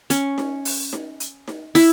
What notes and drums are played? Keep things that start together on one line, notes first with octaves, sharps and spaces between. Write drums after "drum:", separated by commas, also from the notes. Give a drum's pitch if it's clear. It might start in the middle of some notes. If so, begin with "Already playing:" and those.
C#4, drum: hi-hat
drum: snare D#4
drum: open hi-hat
drum: snare D#4
drum: hi-hat
drum: snare D#4
E4, drum: open hi-hat